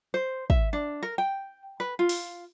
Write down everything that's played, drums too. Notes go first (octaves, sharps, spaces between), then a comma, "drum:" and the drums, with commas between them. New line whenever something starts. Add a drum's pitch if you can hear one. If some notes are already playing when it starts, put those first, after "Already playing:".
C5
E5, drum: kick
D4
A#4
G5
B4
F4
drum: open hi-hat